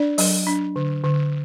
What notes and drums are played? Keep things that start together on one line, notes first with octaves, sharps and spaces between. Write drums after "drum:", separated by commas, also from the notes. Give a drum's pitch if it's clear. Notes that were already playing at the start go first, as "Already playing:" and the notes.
Already playing: D4 D5
F#3, drum: open hi-hat
D4
D3
D3